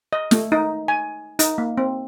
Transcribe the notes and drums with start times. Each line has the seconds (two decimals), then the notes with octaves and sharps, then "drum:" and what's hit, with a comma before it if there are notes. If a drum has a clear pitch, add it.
0.13 D#5
0.31 A3, drum: snare
0.52 D#4
0.88 G#5
1.39 D#4, drum: hi-hat
1.58 A#3
1.78 C4